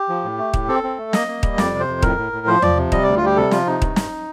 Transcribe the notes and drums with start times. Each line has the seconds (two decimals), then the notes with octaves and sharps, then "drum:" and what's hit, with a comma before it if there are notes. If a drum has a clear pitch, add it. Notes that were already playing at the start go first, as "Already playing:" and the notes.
Already playing: G4
0.09 F3
0.24 A2
0.38 A3
0.54 A2, drum: kick D#1
0.68 C4 A4
0.84 C4
0.98 A3
1.13 A#3 D#5, drum: snare
1.28 A#3
1.43 G3, drum: kick D#1
1.58 F2 D5, drum: snare
1.73 C3
1.80 C5
1.88 F2
2.02 A2 A#4, drum: kick D#1
2.17 A2
2.32 A2
2.47 F3 C5
2.62 F3 D5, drum: tom E2
2.77 C3
2.92 G3 D#5, drum: kick D#1
3.03 D2 D5
3.17 F4
3.22 G3 G4
3.36 C3 A4
3.51 F3 F4, drum: snare
3.67 C3 D#4
3.82 G2, drum: kick D#1
3.96 G2, drum: snare